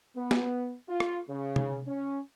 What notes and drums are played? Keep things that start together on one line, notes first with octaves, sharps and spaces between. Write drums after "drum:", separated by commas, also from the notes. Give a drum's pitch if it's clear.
B3
drum: snare
F4
drum: rim click
C#3
drum: tom C3
C#4